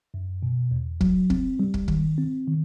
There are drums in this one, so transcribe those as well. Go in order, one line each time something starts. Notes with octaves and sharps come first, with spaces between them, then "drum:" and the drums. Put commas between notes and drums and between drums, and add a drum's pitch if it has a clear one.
F#2
B2
E2
F#3, drum: kick
C4, drum: kick
G3
drum: kick
D#3, drum: kick
C4
D#3